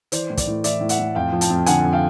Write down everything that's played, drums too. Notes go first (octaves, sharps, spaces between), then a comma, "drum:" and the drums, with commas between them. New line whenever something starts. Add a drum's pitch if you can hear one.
E3 C5 D5, drum: hi-hat
A2
C5 D5, drum: kick, hi-hat
A2
E3 D5 E5, drum: hi-hat
A2
E5 F#5, drum: hi-hat
A2
F2 F5 G5
F3
G5 A5, drum: hi-hat
F2
D3 F#5 G#5, drum: hi-hat
F2
F5 G5